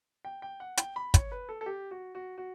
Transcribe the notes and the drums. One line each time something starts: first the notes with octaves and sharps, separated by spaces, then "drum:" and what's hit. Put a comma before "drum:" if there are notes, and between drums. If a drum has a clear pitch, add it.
G5
G5
F#5
G5, drum: hi-hat
B5
C#5, drum: kick, hi-hat
B4
A4
A4
G4
F#4
F#4
F#4